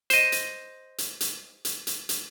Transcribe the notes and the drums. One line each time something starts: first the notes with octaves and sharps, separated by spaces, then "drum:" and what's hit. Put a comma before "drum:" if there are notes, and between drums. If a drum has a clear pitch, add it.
C5 D#5, drum: hi-hat
drum: hi-hat
drum: hi-hat
drum: hi-hat
drum: hi-hat
drum: hi-hat
drum: hi-hat